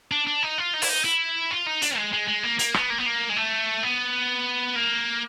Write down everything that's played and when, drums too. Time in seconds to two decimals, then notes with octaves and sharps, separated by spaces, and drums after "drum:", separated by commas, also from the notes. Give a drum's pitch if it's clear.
0.12 D4
0.27 D4
0.43 D#4
0.58 F4
0.74 D#4
0.82 E4, drum: open hi-hat
0.89 D#4
1.04 E4
1.51 F4
1.66 D#4
1.82 D4, drum: hi-hat
1.97 G#3
2.13 G#3
2.28 G#3
2.43 A#3
2.59 A#3, drum: hi-hat
2.74 B3, drum: rim click
2.90 A#3
2.98 B3
3.06 A#3
3.29 G#3
3.36 A3
3.83 B3
4.76 A#3